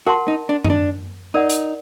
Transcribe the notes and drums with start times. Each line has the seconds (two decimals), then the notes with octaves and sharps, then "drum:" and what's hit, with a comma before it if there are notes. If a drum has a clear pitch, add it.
0.06 F#4 A#4 F#5 A5 C6
0.28 D#4
0.49 D4
0.64 D#4, drum: tom F#2
0.70 D4
1.34 D#4 A#4 D5 F#5
1.49 drum: hi-hat